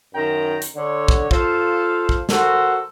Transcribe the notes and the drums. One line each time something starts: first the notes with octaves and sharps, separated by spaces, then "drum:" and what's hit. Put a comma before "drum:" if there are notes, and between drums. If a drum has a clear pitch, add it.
F#2 D#3 G5 A#5
drum: hi-hat
D3 C#5
drum: kick
F4 A4 C5 F5, drum: kick
drum: kick
F#4 A4 A#4 C5, drum: snare